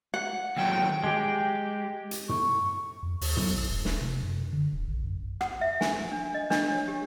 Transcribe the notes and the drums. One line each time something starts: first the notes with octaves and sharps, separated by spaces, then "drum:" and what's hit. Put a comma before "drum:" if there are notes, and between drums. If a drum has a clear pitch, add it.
F#5
D#2 F#3 G5
G#3 G4
drum: hi-hat
C#6, drum: tom
F2
D#2, drum: open hi-hat
F#3, drum: tom
A#1
E1
E1, drum: snare
C3
F#2
D3
D#1
A#1
F#2
F#5, drum: rim click
E5
G#5, drum: snare
D4
D#5
D4, drum: snare
C#5
G4